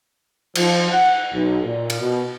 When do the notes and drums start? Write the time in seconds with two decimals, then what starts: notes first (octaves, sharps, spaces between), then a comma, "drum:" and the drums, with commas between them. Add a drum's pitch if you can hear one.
0.55 F3, drum: cymbal
0.91 F#5
1.33 B1
1.65 A#2
1.90 drum: cymbal
2.01 B2